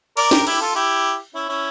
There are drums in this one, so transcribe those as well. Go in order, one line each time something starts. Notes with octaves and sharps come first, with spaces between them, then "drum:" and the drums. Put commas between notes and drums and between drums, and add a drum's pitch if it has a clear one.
A#4 D5, drum: cymbal
G4 A#4, drum: snare
E4 G4, drum: cymbal
F4 A4
E4 G4
C#4 E4
C#4 E4